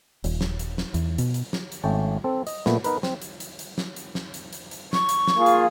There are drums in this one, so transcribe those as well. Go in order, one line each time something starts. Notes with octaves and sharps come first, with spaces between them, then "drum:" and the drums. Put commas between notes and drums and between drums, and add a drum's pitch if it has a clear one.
D#1, drum: hi-hat
drum: snare
drum: hi-hat
drum: snare
E2, drum: hi-hat
B2, drum: hi-hat
drum: hi-hat
drum: snare
drum: hi-hat
G#1 A3 C#4 G5 A5
C4 A4
D#5, drum: hi-hat
A#2 A3 B3, drum: snare
B3 D#4 A#4 B4, drum: hi-hat
C4, drum: snare
drum: hi-hat
drum: hi-hat
drum: hi-hat
drum: snare
drum: hi-hat
drum: snare
drum: hi-hat
drum: hi-hat
drum: hi-hat
C#6, drum: snare
drum: hi-hat
drum: snare
A#3 F4 G#4
drum: hi-hat